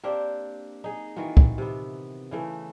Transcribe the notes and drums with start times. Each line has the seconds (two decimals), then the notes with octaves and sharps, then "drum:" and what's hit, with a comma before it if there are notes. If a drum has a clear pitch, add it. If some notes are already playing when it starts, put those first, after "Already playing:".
0.04 A#3 C4 D4 G4
0.84 D#4 G#4
1.16 D#3 E3 F4 F#4
1.37 drum: kick
1.58 C3 B3
2.31 C#3 E3 A3